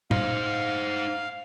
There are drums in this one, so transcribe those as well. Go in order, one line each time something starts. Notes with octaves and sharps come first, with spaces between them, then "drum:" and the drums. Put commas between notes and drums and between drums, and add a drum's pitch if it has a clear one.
D#4 C5 F5, drum: tom A2